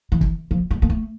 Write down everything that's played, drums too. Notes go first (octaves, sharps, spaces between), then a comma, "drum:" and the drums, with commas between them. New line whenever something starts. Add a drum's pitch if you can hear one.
E3
drum: kick
F3
G3
A#3
A3